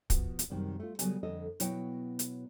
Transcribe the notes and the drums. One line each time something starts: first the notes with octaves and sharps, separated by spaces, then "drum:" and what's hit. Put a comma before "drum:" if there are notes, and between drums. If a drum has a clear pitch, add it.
B2 F3 B3, drum: kick, hi-hat
drum: hi-hat
F#2 C3 D#3 G3
A3 F4
C#3 F#3 G3 B3 G#5, drum: hi-hat
F2 D3 A4 D#5
B2 F#3 E4 C#5 G5, drum: hi-hat
drum: hi-hat